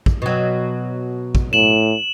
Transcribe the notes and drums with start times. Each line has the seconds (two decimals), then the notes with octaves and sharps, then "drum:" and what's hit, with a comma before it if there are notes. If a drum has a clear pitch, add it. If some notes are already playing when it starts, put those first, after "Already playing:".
0.06 drum: kick
0.22 B2 F#3
1.35 drum: kick
1.53 A2 E7 F#7